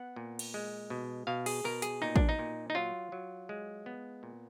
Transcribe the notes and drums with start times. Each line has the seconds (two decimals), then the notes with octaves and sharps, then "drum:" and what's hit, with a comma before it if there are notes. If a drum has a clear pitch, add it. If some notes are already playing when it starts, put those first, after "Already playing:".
Already playing: B3 F#5
0.16 A#2
0.39 drum: cymbal
0.54 G#3
0.90 B2
1.27 B2 F5
1.46 G#4, drum: cymbal
1.64 B2 A#4
1.82 G#4, drum: hi-hat
2.02 A#2 D#4
2.16 D4, drum: kick
2.29 D#4
2.39 A#2
2.70 D#4
2.75 F#3 F4
3.12 F#3
3.49 G#3
3.86 B3
4.23 A#2